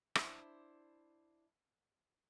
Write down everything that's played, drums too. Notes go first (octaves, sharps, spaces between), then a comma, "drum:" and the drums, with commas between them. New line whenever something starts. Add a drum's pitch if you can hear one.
D4 E4 C5, drum: rim click